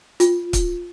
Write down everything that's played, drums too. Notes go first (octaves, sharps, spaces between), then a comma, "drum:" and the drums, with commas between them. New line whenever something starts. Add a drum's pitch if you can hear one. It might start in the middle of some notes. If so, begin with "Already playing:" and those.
F4, drum: hi-hat
drum: kick, hi-hat